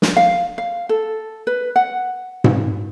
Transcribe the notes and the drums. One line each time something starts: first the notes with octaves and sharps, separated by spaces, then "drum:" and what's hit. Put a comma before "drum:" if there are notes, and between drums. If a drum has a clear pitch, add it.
drum: snare
F5
F5
A4
B4
F#5
drum: tom G#2